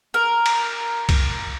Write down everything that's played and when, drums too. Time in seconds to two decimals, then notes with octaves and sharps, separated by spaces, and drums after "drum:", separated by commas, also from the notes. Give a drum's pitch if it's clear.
0.14 A#4
0.46 drum: cymbal
1.09 drum: kick C2, cymbal